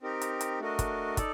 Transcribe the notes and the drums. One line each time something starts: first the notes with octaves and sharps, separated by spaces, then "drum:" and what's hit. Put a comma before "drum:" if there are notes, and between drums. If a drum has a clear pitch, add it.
C4 D#4 G4 A#4
drum: hi-hat
drum: hi-hat
A3 D4 F#4 A#4 D#5
drum: kick, hi-hat
D#4 A4 D5, drum: kick, hi-hat